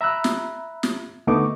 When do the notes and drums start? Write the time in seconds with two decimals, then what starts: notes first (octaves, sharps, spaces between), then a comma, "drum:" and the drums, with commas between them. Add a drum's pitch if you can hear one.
0.01 E5 A#5 B5 E6 F#6
0.24 drum: snare
0.83 drum: snare
1.27 D2 A3 B3 D#4 C#6 D6